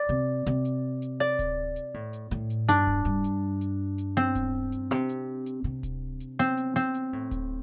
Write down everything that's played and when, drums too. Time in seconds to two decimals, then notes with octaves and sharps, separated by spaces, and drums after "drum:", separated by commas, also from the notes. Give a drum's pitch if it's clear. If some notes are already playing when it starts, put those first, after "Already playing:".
Already playing: D5
0.09 C3
0.46 C3
0.65 drum: hi-hat
1.02 drum: hi-hat
1.20 D5
1.39 drum: kick D1, hi-hat
1.76 drum: hi-hat
1.94 A2
2.13 drum: hi-hat
2.31 A2
2.50 drum: hi-hat
2.68 G2 D4
2.87 drum: kick D1
3.05 G2
3.24 drum: hi-hat
3.61 drum: hi-hat
3.98 drum: hi-hat
4.17 C4
4.35 drum: kick D1, hi-hat
4.72 drum: hi-hat
4.91 C3
5.09 drum: hi-hat
5.46 drum: hi-hat
5.64 C3
5.83 drum: kick D1, hi-hat
6.20 drum: hi-hat
6.39 C4
6.57 drum: hi-hat
6.76 C4
6.94 drum: hi-hat
7.13 A2
7.31 drum: kick D1, hi-hat